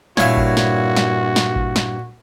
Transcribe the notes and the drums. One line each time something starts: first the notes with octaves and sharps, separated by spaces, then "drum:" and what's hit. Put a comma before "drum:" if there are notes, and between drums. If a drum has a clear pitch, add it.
G2 A#2 E4 F#4 C#5 F5, drum: snare
drum: kick G#1
drum: snare
drum: snare
drum: snare
drum: kick G#1
drum: snare